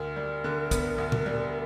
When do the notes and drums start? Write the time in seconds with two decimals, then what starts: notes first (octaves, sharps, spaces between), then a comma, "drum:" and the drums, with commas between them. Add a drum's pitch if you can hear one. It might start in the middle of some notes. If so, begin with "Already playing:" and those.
Already playing: D2 A#4
0.16 G3
0.44 D3
0.71 B3, drum: kick, hi-hat
0.98 D2
1.12 drum: tom A#2
1.26 G3